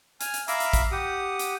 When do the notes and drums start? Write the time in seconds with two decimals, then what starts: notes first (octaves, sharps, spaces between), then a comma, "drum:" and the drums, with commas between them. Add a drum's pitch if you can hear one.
0.21 G#5 F6, drum: hi-hat
0.34 drum: hi-hat
0.48 E5 F5 A#5 B5 D6 E6, drum: hi-hat
0.60 drum: hi-hat
0.73 drum: kick, hi-hat
0.92 G4 F#5 D#6
1.39 drum: hi-hat